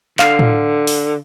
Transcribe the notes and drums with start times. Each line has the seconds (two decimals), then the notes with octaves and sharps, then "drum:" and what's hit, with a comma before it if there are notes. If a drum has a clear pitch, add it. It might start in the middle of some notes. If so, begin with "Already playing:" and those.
0.19 D3 F5, drum: clap
0.39 drum: tom A2
0.87 drum: open hi-hat